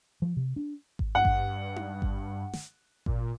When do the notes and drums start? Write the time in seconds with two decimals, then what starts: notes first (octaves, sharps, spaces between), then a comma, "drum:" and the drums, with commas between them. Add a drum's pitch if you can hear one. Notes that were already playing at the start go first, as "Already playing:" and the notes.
0.22 F3
0.37 C3
0.56 D4
0.99 drum: kick G#1
1.15 G2 F#5
1.25 drum: kick G#1
1.76 drum: tom D#4
2.02 drum: kick G#1
2.53 drum: snare
3.06 A#2, drum: kick G#1